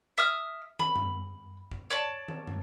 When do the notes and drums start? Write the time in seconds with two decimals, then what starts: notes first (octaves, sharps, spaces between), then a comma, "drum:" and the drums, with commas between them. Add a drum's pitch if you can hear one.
0.18 E5 D#6 F6
0.79 B5, drum: tom
0.96 drum: tom
1.71 drum: kick
1.90 C#5 D5 A5
2.28 drum: tom
2.47 drum: tom